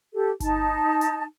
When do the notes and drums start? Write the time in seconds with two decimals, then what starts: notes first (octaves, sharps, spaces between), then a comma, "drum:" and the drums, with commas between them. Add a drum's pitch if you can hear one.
0.14 G4 A4
0.40 D#4 A5, drum: kick G1, hi-hat
1.01 drum: hi-hat